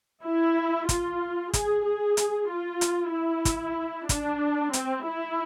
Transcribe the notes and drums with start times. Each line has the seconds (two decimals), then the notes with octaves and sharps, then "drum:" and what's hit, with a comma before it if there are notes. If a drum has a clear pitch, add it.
0.24 E4
0.89 F4, drum: kick, hi-hat
1.53 G#4, drum: kick, hi-hat
1.86 G#4
2.17 drum: hi-hat
2.50 F4
2.81 drum: hi-hat
3.13 E4
3.45 drum: kick, hi-hat
4.09 D4, drum: kick, hi-hat
4.73 C4, drum: hi-hat
5.06 E4